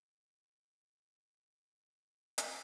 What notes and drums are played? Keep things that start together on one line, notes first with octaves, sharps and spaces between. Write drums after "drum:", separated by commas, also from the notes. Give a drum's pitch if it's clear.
B2 D3 D#3 D#4 G#4 A4
drum: hi-hat